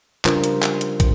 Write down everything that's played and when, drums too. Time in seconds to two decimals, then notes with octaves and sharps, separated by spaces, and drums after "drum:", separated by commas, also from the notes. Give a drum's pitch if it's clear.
0.25 C#3 G3 D4 F4 A#4 C5, drum: clap
0.44 drum: hi-hat
0.62 drum: clap
0.81 drum: hi-hat
1.00 drum: kick, hi-hat